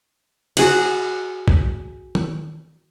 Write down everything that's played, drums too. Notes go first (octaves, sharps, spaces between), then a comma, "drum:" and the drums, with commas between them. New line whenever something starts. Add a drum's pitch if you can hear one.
F#4 G#4 F#5, drum: cymbal
drum: kick
drum: tom